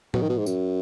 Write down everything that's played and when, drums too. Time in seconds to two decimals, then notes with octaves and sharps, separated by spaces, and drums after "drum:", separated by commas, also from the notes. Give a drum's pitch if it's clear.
0.14 B2, drum: tom
0.22 D#3
0.29 B2
0.38 G#2
0.46 F#2, drum: tambourine